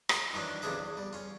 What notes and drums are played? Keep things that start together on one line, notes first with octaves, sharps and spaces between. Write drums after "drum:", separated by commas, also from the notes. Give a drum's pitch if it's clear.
D#5, drum: rim click
D#3 E3 F#3 D4
B1 C3 E3 D4 G#4 E5
E2
G3
C#4 F4